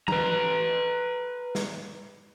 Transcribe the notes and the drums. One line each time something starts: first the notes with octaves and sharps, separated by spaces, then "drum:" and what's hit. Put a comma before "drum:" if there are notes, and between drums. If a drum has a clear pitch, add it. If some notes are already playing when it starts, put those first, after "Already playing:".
B4 A#5, drum: tom E3
drum: snare